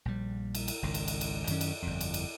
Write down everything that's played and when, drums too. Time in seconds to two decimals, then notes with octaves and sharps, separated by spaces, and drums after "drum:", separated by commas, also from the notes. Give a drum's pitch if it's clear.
0.05 A#1 G3
0.55 drum: cymbal
0.68 drum: cymbal
0.82 G#1 C#2 D#3
0.94 drum: cymbal
1.08 drum: cymbal
1.21 drum: cymbal
1.47 F#2 D#3 C#4, drum: cymbal
1.61 drum: cymbal
1.82 G1 F2
2.01 drum: cymbal
2.14 drum: cymbal